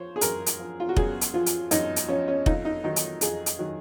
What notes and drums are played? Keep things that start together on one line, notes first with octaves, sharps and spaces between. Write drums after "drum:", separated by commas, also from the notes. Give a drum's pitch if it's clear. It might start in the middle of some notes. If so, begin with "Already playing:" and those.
Already playing: F3 C5 C#5
G#4
F#2 A#4, drum: hi-hat
drum: hi-hat
F3
F4
F#4
F#2 G#4, drum: kick F1
drum: hi-hat
F3 F4
drum: hi-hat
F#2 D#4, drum: hi-hat
drum: hi-hat
F3 C#4
C#4
F2 D#4, drum: kick F1
D#4
D#3 F#3 D#4
drum: hi-hat
F2 G#4, drum: hi-hat
drum: hi-hat
D#3 F#3